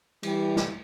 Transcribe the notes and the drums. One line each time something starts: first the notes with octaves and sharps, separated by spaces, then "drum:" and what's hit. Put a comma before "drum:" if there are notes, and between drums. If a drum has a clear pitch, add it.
E3 G3, drum: cymbal
drum: snare